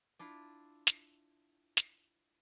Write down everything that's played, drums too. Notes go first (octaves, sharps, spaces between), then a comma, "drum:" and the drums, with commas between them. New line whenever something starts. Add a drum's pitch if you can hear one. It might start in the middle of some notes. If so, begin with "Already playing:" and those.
D4 E4 F4
drum: snare
drum: snare